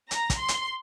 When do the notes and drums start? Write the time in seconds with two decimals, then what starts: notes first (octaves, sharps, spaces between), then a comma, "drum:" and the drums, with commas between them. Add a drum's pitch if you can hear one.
0.11 A#5, drum: hi-hat
0.30 drum: kick, hi-hat
0.39 C6
0.48 drum: hi-hat